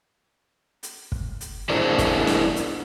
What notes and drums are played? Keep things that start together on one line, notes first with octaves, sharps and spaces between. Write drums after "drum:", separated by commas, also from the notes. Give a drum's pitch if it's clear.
drum: hi-hat
drum: kick
drum: hi-hat
D4 E4 G#4 A#4 C5 D5
drum: kick, hi-hat
drum: snare
drum: hi-hat